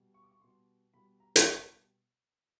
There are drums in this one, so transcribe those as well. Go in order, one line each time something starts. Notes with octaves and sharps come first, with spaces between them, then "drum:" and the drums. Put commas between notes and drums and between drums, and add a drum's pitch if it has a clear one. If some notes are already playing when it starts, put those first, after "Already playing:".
Already playing: B2 G3
C#6
D6
C#6
B2 G3 C6
B2 G3 B5
A#5
drum: hi-hat
B2 G3 A5